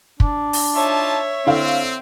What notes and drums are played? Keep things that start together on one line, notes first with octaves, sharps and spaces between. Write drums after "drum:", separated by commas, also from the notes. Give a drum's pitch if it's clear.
D4, drum: kick
drum: open hi-hat
D#4 F4 C#5 E5 A5
D3 C4 E4 F5